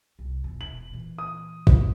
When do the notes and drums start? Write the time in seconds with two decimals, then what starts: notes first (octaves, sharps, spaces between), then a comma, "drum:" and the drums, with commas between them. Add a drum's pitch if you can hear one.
0.19 C2
0.44 B1 E2
0.61 E1 A#1 F#7
0.90 A#2 E3
1.18 D#6
1.67 drum: kick A1